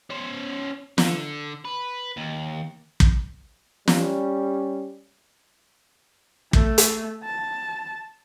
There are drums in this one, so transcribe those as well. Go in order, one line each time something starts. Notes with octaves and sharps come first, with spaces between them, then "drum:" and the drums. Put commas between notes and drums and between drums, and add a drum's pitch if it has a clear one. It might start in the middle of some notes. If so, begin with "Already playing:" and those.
C#4 C5
D3, drum: snare
B4
D#2
drum: kick
G3 C#4, drum: snare
A3, drum: kick
drum: hi-hat
A5